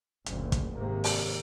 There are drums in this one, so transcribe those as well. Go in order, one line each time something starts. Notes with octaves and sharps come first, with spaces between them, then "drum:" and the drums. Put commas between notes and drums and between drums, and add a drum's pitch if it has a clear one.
F#1 D2 A#2, drum: hi-hat
drum: kick, hi-hat
G#2 C3 D#3 A#3
drum: open hi-hat